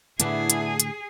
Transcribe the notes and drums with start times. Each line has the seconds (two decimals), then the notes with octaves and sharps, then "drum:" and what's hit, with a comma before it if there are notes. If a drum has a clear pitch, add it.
0.20 A2 D3 A3 B3 D4 E4 G#4, drum: hi-hat
0.50 drum: hi-hat
0.80 drum: hi-hat